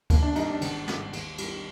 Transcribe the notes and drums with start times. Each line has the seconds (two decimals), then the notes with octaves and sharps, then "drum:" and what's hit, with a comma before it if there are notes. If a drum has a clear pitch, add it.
0.10 D#2 A#3, drum: kick D2, cymbal
0.23 D4
0.36 D#3 G3 D#4, drum: cymbal
0.48 D4
0.61 G#1, drum: cymbal
0.88 G#2 G3, drum: snare
1.13 D#2, drum: cymbal
1.38 G3, drum: cymbal
1.44 D#3